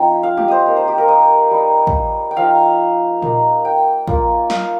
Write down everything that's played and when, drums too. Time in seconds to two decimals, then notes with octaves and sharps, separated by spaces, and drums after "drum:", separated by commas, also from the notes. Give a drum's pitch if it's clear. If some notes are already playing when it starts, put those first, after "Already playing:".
Already playing: F3 C4 D#4 G5
0.23 F5
0.37 G4, drum: tom G3
0.48 C5 D#5
0.66 A#3 D#4
0.77 C5
0.88 G4
0.98 A#4
1.08 D#5
1.51 G3 D#4
1.87 drum: kick
2.31 G5
2.37 F3 D#4 F5
3.22 A#3 D#4, drum: tom A#2
3.65 G5
4.08 A#3 F4, drum: kick
4.50 F5, drum: snare